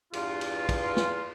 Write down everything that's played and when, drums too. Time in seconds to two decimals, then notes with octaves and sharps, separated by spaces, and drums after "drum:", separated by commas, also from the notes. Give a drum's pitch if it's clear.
0.13 E2 G2 F4, drum: cymbal
0.41 drum: cymbal
0.69 drum: kick, cymbal
0.97 drum: snare